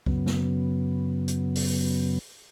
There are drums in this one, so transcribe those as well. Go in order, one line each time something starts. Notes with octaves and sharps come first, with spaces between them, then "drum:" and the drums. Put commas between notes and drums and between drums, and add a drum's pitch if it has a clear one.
F#2 C#3 F#3 B3, drum: kick C#2
drum: snare
drum: hi-hat
drum: open hi-hat